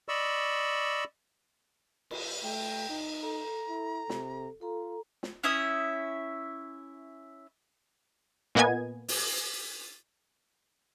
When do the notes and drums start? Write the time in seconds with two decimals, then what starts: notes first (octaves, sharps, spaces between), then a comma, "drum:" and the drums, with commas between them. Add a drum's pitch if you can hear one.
0.09 D5 D#5 B5 C#6 E6
2.11 drum: cymbal
2.44 A3 G5
2.89 D#4
3.23 A4 A#5
3.69 E4
4.10 C3, drum: snare
4.61 F4 A4 A#5
5.23 drum: snare
5.44 C#4 E4 E5 D#6
8.55 A#2 A#3 B3 D#5 G#5 G#6
9.08 drum: open hi-hat